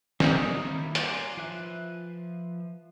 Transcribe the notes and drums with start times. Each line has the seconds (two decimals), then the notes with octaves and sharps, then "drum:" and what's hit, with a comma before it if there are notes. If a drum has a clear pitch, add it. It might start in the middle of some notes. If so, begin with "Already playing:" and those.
0.20 D#4, drum: snare
0.65 D#3 G3 A#3 E4
0.95 G#5 A#5 C6 D6, drum: hi-hat
1.37 F3 F4 B4 E5 F#6